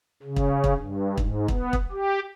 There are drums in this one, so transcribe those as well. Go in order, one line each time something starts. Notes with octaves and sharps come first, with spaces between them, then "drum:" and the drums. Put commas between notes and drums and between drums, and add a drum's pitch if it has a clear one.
C#3
drum: kick
drum: kick
G2
G#2, drum: kick
B3, drum: kick
drum: kick
G4